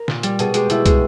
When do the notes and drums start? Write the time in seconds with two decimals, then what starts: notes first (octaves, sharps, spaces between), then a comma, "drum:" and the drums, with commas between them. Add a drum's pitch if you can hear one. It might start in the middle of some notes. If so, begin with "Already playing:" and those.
Already playing: A#4
0.08 A#2, drum: snare
0.23 G3, drum: hi-hat
0.39 B2 G#4, drum: hi-hat
0.54 G#3 G4, drum: hi-hat
0.70 B2 E4, drum: hi-hat
0.86 G#3, drum: kick, hi-hat